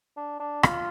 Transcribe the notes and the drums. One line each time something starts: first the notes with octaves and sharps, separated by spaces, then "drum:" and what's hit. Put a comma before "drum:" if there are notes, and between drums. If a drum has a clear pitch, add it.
D4
D4
F4, drum: rim click